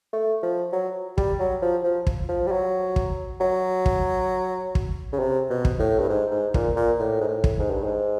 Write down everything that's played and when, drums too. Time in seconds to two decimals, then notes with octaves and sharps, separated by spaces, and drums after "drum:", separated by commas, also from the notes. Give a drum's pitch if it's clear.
0.13 A3
0.43 F3
0.73 F#3
1.18 G3, drum: kick
1.39 F#3
1.62 F3
1.84 F3
2.07 drum: kick
2.29 F3
2.47 G3
2.52 F#3
2.96 drum: kick
3.40 F#3
3.86 drum: kick
4.75 drum: kick
5.13 C#3
5.19 C3
5.50 B2
5.65 drum: kick
5.79 A2
5.99 G2
6.09 G#2
6.31 G#2
6.54 A#2, drum: kick
6.76 A#2
6.99 A2
7.21 G#2
7.28 A2
7.44 drum: kick
7.59 G#2
7.71 G2
7.84 G#2